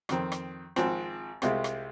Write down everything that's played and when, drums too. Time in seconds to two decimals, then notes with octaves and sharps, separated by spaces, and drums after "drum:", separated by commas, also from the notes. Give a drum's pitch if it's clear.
0.09 F2 D#3 C4, drum: rim click
0.32 drum: rim click
0.76 G#1 G#2 F3 C4, drum: rim click
1.42 C2 C3 G#3 C4 F4, drum: rim click
1.64 drum: rim click